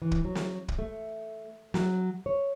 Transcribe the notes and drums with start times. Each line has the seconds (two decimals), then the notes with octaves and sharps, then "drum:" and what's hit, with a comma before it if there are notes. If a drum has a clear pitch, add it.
0.02 E3
0.11 drum: kick
0.25 F#3
0.35 drum: snare
0.68 drum: kick
0.79 A3
1.74 F#3, drum: snare
2.26 C#5